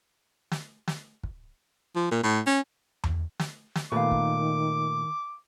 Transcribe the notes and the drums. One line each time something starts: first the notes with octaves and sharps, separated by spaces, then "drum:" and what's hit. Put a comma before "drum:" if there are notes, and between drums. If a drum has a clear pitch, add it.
drum: snare
drum: snare
drum: kick
F3
A#2
A2
C#4
drum: tom E2
drum: snare
drum: snare
A#2 D#3 A3 B3 B4 F5 D6
drum: kick